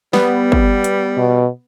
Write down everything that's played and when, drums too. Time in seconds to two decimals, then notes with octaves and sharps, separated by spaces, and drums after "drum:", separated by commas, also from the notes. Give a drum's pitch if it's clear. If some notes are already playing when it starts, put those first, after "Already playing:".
0.13 G3 B3, drum: snare
0.52 drum: kick
0.84 drum: hi-hat
1.17 B2